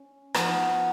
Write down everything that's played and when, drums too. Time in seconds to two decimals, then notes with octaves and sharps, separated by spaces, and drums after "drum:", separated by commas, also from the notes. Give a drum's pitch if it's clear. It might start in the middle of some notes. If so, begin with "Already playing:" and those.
Already playing: C#4
0.34 F3 B3 D#4 F#4, drum: rim click